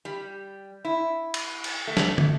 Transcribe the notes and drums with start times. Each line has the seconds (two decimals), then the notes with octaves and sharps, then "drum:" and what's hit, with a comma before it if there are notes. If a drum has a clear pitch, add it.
0.05 G3
0.85 E4
1.34 drum: cymbal
1.64 drum: cymbal
1.87 A3
1.97 drum: snare
2.18 drum: tom